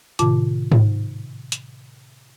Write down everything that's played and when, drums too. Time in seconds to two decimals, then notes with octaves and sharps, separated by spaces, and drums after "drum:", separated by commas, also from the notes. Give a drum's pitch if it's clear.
0.19 A2 C3 D#3 F4 A5 D6, drum: hi-hat
0.72 drum: tom G#2
1.52 drum: hi-hat